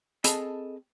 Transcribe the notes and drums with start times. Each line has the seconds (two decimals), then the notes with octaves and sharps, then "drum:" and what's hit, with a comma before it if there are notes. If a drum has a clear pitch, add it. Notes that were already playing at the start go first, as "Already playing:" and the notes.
0.24 C4 G#4 A4 D#5 A5 B5, drum: hi-hat